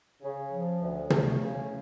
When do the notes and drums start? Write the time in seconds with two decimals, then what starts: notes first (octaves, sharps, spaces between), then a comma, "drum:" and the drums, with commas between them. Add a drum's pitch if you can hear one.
0.22 C#3
0.51 F3
0.81 D2
1.10 A3, drum: tom
1.39 C#3